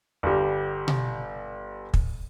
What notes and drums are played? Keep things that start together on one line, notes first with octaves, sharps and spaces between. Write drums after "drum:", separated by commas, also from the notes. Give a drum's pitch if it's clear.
G1 G3
drum: tom B2
drum: kick